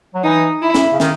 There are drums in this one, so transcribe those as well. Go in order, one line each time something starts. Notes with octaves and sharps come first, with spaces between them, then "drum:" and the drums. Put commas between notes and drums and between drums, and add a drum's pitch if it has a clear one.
F#3
E3 D#4
E4
drum: snare
C#3
D#3, drum: snare